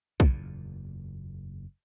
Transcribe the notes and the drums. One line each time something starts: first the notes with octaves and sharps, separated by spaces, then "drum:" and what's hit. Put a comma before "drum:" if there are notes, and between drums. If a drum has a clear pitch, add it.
F#1 E2 A#2, drum: kick